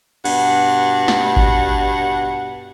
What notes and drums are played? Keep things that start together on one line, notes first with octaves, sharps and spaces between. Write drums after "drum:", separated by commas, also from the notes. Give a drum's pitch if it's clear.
G2 B2 F#5, drum: cymbal
drum: snare
drum: kick G#1